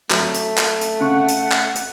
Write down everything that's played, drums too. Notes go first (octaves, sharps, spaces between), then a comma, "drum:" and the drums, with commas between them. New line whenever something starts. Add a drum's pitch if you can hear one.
F#3 A3, drum: clap
drum: hi-hat
drum: clap
drum: hi-hat
C#3 F#5 C#6
drum: hi-hat
drum: clap
drum: hi-hat